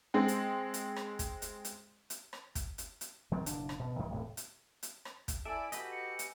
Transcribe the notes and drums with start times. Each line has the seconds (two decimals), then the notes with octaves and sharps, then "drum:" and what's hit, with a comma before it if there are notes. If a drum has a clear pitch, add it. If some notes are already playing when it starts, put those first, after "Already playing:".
0.14 G#3 C4
0.28 drum: hi-hat
0.74 drum: hi-hat
0.96 drum: rim click
1.19 drum: kick, hi-hat
1.42 drum: hi-hat
1.65 drum: hi-hat
2.10 drum: hi-hat
2.33 drum: rim click
2.55 drum: kick, hi-hat
2.78 drum: hi-hat
3.01 drum: hi-hat
3.32 D#3 F#3 C4
3.46 F#1 B2 D4, drum: hi-hat
3.69 drum: rim click
3.79 B2
3.99 F#2 D#3 G3 G#3
4.10 D#1 A2 C3
4.37 drum: hi-hat
4.83 drum: hi-hat
5.05 drum: rim click
5.28 drum: kick, hi-hat
5.45 E4 A4 D5 E5 G#5 B5 D7
5.72 F#4 G4 B4 D#5 B6, drum: hi-hat
5.92 C#7
6.19 drum: hi-hat